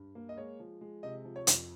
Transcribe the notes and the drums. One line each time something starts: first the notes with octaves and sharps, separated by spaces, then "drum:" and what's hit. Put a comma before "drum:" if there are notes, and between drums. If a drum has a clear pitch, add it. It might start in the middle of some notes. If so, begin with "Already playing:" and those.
Already playing: G2
A#3
D#5
G#3 C#5
F3
G#3
C3 D#5
F3
C#5
F2, drum: hi-hat